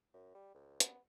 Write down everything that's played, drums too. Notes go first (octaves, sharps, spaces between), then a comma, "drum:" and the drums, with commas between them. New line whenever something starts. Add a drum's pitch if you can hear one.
F#2
G3
C#2
B3, drum: hi-hat